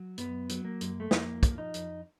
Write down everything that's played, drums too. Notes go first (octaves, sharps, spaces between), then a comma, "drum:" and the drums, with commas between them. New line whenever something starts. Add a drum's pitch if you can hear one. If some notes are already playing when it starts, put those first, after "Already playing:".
Already playing: F#3
F#2 B3, drum: hi-hat
F#3, drum: hi-hat
A#3
F#2, drum: hi-hat
A3
F2 A#3, drum: snare
F3, drum: kick, hi-hat
D#4
F2, drum: hi-hat